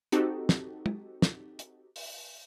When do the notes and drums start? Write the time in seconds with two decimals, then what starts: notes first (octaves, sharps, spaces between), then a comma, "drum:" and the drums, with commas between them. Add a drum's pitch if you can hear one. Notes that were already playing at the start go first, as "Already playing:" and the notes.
0.12 C4 D#4 F#4 G4 A4, drum: hi-hat
0.49 drum: snare
0.86 drum: tom
1.22 drum: snare
1.59 drum: hi-hat
1.96 drum: open hi-hat